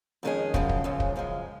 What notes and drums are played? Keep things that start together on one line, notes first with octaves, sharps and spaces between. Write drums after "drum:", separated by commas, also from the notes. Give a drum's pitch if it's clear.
F2 D#3 G#3 C#4 G#4
F#2 C#3 F3 G#3, drum: kick
drum: kick
F#2 C#3 F3 G#3
drum: kick
F#2 C#3 F3 G#3